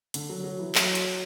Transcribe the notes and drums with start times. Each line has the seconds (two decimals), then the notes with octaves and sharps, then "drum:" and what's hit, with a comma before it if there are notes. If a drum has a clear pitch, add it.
0.14 D3, drum: hi-hat
0.29 F#3
0.44 F#3
0.59 E3
0.75 F#3, drum: clap
0.95 drum: hi-hat